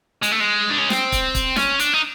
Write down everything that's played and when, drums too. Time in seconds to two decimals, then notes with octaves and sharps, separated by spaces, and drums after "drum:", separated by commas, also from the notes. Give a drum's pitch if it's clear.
0.23 G#3, drum: hi-hat
0.32 A3
0.41 G#3
0.70 D4
0.79 C#4
0.90 C4, drum: snare
1.12 drum: kick, hi-hat
1.35 drum: kick, hi-hat
1.56 C#4, drum: snare
1.79 D4, drum: hi-hat
1.93 D#4